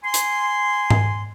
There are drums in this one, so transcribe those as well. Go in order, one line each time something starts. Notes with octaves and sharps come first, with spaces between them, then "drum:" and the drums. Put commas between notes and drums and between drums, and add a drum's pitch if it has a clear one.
G#5 C6
drum: hi-hat
drum: tom G#2